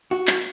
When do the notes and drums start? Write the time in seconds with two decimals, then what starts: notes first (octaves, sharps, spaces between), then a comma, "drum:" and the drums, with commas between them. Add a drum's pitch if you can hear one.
0.11 F#4, drum: open hi-hat
0.27 drum: clap